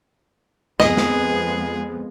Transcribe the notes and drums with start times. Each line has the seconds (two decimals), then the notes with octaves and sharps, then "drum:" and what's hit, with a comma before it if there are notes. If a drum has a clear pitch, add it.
0.80 F2 G#3 B3 G#4 D#5, drum: snare
0.97 drum: snare